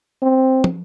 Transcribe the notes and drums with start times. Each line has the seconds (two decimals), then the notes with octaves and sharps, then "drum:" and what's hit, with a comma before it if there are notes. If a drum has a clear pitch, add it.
0.22 C4
0.64 drum: tom